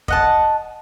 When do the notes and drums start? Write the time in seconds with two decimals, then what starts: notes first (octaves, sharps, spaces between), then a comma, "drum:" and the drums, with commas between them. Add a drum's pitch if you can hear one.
0.08 D#5 F#5 A5, drum: kick